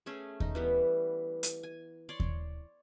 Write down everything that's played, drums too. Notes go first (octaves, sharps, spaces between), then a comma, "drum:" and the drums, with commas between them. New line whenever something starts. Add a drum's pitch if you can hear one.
A3 C#4 G#4
D#4, drum: kick D#2
E3 G3 B3
drum: hi-hat
G#5
C#5 D5 C6
drum: kick D#2